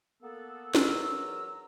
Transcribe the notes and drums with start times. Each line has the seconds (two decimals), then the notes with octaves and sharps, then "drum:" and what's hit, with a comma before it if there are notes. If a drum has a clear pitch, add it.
0.22 A#3 B3 A4
0.75 E2 F#3 A#4 A#5 E6, drum: snare